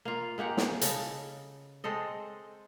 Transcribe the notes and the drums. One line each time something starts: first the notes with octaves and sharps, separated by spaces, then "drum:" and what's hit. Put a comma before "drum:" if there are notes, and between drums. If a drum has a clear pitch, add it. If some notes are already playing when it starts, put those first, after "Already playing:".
A#3 F4
G#3 A#3 G4 F#5
drum: snare
C#3 A4 D#5, drum: hi-hat
G#3 C4 A4 D#5